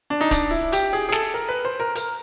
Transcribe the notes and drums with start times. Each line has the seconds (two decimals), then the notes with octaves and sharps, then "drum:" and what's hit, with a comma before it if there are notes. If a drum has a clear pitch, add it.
0.10 D4
0.21 D#4
0.31 D4, drum: kick D1, hi-hat
0.51 E4
0.72 G4, drum: hi-hat
0.93 G#4
1.09 G#4
1.12 A4, drum: snare
1.34 A#4
1.49 B4
1.65 C5
1.80 A#4
1.95 A#4, drum: hi-hat